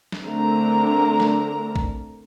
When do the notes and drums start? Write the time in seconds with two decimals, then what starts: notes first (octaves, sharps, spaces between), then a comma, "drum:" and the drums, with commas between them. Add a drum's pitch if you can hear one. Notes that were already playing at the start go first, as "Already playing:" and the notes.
0.12 drum: snare
0.24 D3 A3 C4 D4 A#4 A#5
1.20 drum: snare
1.76 drum: kick A#1